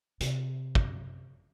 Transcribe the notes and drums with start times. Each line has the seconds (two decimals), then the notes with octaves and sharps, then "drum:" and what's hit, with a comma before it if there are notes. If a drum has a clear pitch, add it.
0.21 C3, drum: hi-hat
0.75 drum: kick